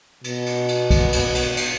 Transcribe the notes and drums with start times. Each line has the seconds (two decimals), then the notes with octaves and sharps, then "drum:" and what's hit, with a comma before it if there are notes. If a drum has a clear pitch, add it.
0.24 B2, drum: cymbal
0.46 drum: cymbal
0.68 drum: cymbal
0.90 drum: kick B1, cymbal
1.13 drum: cymbal
1.35 drum: cymbal
1.57 drum: cymbal